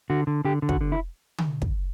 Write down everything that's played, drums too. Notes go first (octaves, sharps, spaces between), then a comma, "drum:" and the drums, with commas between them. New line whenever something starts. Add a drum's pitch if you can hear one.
D3 F#4
D3
D3 G4
D3
F#4, drum: kick
D3
E4
drum: tom D3
drum: kick